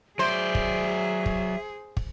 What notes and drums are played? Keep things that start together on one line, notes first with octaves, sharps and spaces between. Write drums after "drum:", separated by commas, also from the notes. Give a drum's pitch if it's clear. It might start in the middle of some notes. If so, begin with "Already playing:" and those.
F#3 G#4 C5 D5 E5
drum: kick
drum: kick
drum: kick